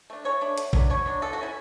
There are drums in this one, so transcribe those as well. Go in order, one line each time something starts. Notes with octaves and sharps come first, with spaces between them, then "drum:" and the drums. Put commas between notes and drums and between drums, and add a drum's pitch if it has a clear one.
A3 D4
E3 C#5
A3 D4
B2, drum: hi-hat
F#3 B3 D4, drum: kick
B2 C#5
F#3 B3 D4
D3 A4
F#4
A3 C#4 E4